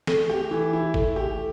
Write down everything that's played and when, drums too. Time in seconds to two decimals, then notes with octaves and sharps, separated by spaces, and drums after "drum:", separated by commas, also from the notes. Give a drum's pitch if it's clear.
0.07 A3, drum: snare
0.30 G4
0.51 E3
0.73 E4
0.94 A3, drum: kick G1
1.16 G4